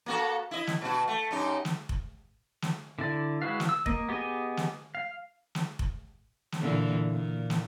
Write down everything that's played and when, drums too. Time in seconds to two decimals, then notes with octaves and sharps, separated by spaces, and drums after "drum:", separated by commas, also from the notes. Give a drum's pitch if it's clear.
0.06 A#3 F#4 A4
0.51 E4 D#5
0.67 drum: snare
0.81 B2 F#4
1.08 A3
1.31 F#2 D#4 G4
1.65 drum: snare
1.89 drum: kick F1
2.62 drum: snare
2.99 D3 E4 D5
3.42 G#3 E4 F#4 B4 F5
3.60 drum: snare
3.69 E6
3.86 A#3 D#5, drum: kick F1
4.09 B3 G4 G#4 D#5 G#5
4.57 drum: snare
4.95 F5
5.55 drum: snare
5.79 drum: kick F1
6.52 drum: snare
6.61 A#2 D3 E3
7.10 A#2
7.50 drum: snare